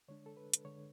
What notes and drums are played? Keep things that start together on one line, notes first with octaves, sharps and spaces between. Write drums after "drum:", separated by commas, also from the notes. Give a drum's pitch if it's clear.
D3 G#3 D4 C#5
A4
B4
drum: hi-hat
D3 G#3 D4 C#5